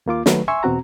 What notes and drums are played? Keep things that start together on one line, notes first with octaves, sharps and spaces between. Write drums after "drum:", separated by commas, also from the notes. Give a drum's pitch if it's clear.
D#2 A#3 F4 D6
D#3 F#3 A3 B4, drum: snare
E5 G#5 C6 C#6 E6
E2 B2 C4 F#4 A#5